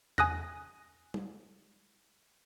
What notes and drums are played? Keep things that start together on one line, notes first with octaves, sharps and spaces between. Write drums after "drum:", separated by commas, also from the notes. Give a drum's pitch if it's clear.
G#5 D#6 F#6 A#6, drum: tom E2
drum: tom G3